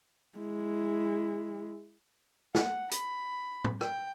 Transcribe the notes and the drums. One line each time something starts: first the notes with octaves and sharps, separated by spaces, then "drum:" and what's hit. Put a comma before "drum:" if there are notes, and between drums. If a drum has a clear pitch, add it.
G#3 E4
F#5, drum: snare
B5, drum: hi-hat
drum: tom
G5, drum: rim click